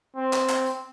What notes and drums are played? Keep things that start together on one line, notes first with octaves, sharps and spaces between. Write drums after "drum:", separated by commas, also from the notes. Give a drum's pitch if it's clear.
C4
drum: clap
drum: clap
drum: hi-hat